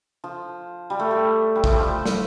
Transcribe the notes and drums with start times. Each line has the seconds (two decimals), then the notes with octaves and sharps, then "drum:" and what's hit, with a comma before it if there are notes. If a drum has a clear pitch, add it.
0.24 F3
0.90 G3
0.99 A3
1.11 G3
1.55 G3
1.64 F3 A3, drum: kick
1.73 G3
1.80 F3
2.06 drum: snare